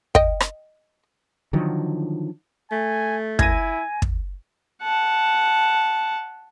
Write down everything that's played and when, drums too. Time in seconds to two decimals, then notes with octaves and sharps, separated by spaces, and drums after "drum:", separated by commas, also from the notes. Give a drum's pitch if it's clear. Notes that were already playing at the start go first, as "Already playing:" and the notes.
0.15 D#5 G5, drum: kick
0.40 drum: rim click
1.53 D3 D#3 F3 F#3
2.72 A3 G#5
3.39 E4 G#5 G#6 A#6 D#7, drum: kick
4.02 drum: kick
4.83 F#5 A5